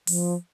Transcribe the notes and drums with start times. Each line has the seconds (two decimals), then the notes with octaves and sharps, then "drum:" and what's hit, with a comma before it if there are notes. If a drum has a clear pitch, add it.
0.07 F3, drum: open hi-hat